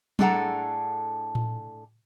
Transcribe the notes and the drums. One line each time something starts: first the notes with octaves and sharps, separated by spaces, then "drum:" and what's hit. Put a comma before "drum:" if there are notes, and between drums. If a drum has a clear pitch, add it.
A2 D4 G#4 A4 F#5 A#5, drum: tom F#3
drum: tom A2